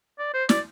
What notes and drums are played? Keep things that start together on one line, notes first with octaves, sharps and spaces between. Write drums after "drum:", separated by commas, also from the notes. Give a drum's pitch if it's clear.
D5
C5
D5, drum: snare